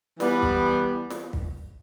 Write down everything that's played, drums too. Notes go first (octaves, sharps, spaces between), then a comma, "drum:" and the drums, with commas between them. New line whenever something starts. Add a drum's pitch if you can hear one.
E3 G3 B3, drum: snare
drum: kick
drum: snare
drum: kick